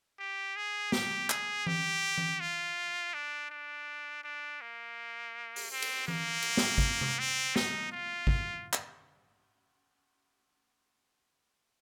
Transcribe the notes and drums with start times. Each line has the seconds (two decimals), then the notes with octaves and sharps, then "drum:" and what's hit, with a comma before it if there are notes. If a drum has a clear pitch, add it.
0.19 G4
0.56 G#4
0.92 G4, drum: snare
1.30 G#4, drum: clap
1.66 G4, drum: tom E3
2.18 drum: tom E3
2.40 F4
3.14 D4
3.50 D4
4.24 D4
4.61 A#3
5.56 drum: open hi-hat
5.71 C4
5.82 drum: cymbal
6.08 A#3, drum: tom E3
6.42 drum: cymbal
6.57 drum: snare
6.78 drum: kick
7.01 drum: tom C3
7.19 C4
7.56 D#4, drum: snare
7.92 F4
8.27 drum: kick
8.73 drum: clap